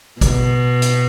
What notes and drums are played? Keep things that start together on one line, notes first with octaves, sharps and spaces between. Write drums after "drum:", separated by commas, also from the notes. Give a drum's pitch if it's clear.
B2, drum: kick A1, hi-hat
drum: hi-hat